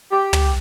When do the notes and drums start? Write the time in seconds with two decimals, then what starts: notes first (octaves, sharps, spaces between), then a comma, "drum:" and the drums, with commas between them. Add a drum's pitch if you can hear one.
0.12 G4
0.33 drum: tom